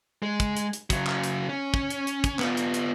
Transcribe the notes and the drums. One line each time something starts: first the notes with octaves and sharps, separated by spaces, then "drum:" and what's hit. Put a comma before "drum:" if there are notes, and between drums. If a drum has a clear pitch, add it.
G#3
drum: kick, hi-hat
drum: hi-hat
drum: hi-hat
C#3 F#3, drum: kick, hi-hat
drum: clap
drum: hi-hat
C#4
drum: kick
drum: hi-hat
drum: hi-hat
drum: kick, hi-hat
B3 F4, drum: clap
drum: hi-hat
drum: hi-hat